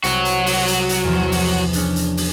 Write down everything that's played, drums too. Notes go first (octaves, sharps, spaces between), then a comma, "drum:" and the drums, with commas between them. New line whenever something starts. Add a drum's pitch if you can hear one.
C2 F#3 C4 F#4, drum: hi-hat
drum: hi-hat
drum: open hi-hat
drum: hi-hat
drum: hi-hat
E2 F3
drum: open hi-hat
C#4 D4 G#4, drum: hi-hat
drum: hi-hat
drum: open hi-hat